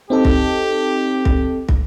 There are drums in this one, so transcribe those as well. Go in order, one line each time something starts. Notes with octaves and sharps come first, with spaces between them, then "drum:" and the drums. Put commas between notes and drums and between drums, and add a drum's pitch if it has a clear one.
C4 D#4 G4 A4
drum: kick
drum: kick
drum: kick